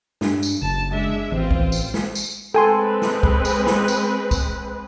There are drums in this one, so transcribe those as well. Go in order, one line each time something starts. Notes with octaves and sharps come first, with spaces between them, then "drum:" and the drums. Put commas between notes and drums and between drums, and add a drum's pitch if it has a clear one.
G2, drum: snare
drum: tambourine
F#1 A5
G#3 D4 E5
A1 C4 F4
drum: kick
drum: tambourine
drum: snare
drum: tambourine
G#3 C4 A4 B4 G5 G#5 C6
drum: snare
drum: kick
drum: tambourine
drum: snare
drum: tambourine
drum: kick, tambourine